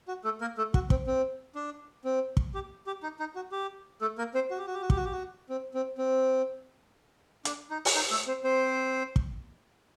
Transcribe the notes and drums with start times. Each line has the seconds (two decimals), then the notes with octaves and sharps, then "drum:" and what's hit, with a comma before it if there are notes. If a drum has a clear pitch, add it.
0.08 F#4
0.24 A3 A4
0.41 A#3 A#4
0.58 A3 A4
0.74 F#4, drum: kick
0.90 C4, drum: kick
1.07 C4
1.55 D4
2.05 C4
2.37 drum: kick
2.54 G4
2.87 G4
3.03 D#4
3.20 D#4
3.36 F#4
3.52 G4
4.01 A3 A4
4.18 A#3 A#4
4.34 C4 C5
4.51 F#4
4.58 G4
4.67 F#4
4.74 G4
4.82 F#4
4.90 G4, drum: kick
4.97 F#4
5.05 G4
5.12 F#4
5.49 C4
5.74 C4
5.98 C4
7.45 D4, drum: hi-hat
7.70 D#4
7.85 drum: open hi-hat
7.95 D#4
8.11 A3 A4
8.27 C4 C5
8.44 C4 C5
9.16 drum: kick